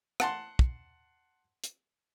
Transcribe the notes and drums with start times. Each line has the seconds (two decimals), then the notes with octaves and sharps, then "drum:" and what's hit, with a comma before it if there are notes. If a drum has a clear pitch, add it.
0.20 F#5 A5 C6, drum: rim click
0.59 drum: kick
1.64 drum: hi-hat